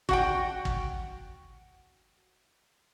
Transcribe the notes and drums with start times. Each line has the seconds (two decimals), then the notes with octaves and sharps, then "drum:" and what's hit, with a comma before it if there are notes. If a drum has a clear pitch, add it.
0.09 F#4 F#5 G5, drum: kick
0.65 drum: kick